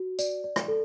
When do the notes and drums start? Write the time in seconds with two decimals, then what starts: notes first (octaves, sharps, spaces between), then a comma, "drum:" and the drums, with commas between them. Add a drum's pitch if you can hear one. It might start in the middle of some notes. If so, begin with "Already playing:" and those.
Already playing: F#4
0.19 D5, drum: tambourine
0.44 D5
0.56 drum: rim click
0.68 A4